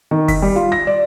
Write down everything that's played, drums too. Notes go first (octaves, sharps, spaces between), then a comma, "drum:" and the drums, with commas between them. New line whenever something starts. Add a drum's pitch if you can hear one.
D#3
B6, drum: kick F#1, open hi-hat
G3
F4
A#6
D5